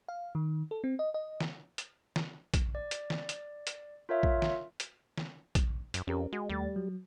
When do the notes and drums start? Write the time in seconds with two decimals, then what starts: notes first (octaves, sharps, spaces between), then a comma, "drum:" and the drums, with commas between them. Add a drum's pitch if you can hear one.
0.08 F5
0.35 D#3
0.71 A4
0.84 C4
0.99 D#5
1.14 D#5
1.40 drum: snare
1.78 drum: hi-hat
2.16 drum: snare
2.54 drum: kick A#1, hi-hat
2.75 D5
2.91 drum: hi-hat
3.10 drum: snare
3.29 drum: hi-hat
3.67 drum: hi-hat
4.09 F4 A#4 C#5 E5 F5
4.23 drum: kick A#1
4.42 drum: snare
4.80 drum: hi-hat
5.18 drum: snare
5.55 drum: kick A#1, hi-hat
5.94 F#2, drum: hi-hat
6.07 F2 C#4 G4 A#4
6.32 G#3 F#4
6.49 D#2 G3 A3 A6
6.76 F#3